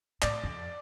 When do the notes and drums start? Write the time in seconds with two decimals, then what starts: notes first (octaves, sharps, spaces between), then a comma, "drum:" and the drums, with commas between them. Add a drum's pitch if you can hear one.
0.22 A2 D5, drum: clap
0.44 F2